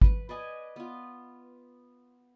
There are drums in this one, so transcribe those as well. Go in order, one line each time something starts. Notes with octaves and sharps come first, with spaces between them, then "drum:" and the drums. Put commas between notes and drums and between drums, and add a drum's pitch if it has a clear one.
B4, drum: kick G#1
B4 D5 D#5 G#5
B3 F4